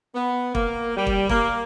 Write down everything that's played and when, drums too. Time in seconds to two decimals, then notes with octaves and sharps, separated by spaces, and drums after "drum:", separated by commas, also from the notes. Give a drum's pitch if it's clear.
0.14 B3
0.55 A#3, drum: kick
0.96 G3
1.07 drum: kick
1.29 A#3, drum: kick